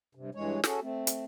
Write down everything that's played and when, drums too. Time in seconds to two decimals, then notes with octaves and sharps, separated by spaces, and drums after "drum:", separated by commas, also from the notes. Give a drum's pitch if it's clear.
0.15 G2 C3
0.35 G2 E3 G#3 C#5
0.64 C#4 F#4 G#4 A4, drum: snare
0.82 A3 C4
1.07 drum: hi-hat